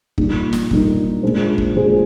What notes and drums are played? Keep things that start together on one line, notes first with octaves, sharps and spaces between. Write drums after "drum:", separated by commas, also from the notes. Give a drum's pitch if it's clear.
A#2 G3 A#3 D#4, drum: kick
drum: snare
A#2 G3 A#3 D#4, drum: kick
A#2 G#3 D4 G#4 C5
drum: kick
A#2 G#3 D4 G#4 C5